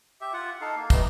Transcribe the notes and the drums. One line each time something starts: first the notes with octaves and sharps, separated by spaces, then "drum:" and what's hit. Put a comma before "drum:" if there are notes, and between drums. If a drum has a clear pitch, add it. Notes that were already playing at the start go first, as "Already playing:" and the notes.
G4 E5
F4 F#5
D#4 A4 F5
A#3
G3 A3 B3 D#4, drum: kick, tambourine